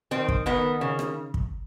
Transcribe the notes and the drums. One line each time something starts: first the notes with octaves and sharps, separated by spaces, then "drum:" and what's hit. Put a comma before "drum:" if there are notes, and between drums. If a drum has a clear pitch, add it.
D#3 C4
drum: kick
D#3 B3
C#3
drum: rim click
drum: kick